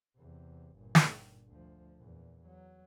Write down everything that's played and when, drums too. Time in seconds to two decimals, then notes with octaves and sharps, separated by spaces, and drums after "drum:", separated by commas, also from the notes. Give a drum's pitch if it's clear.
0.18 E2 C3
0.78 G1 A#2
0.95 drum: snare
1.47 D2 F3
1.97 E2 A#2
2.47 F#3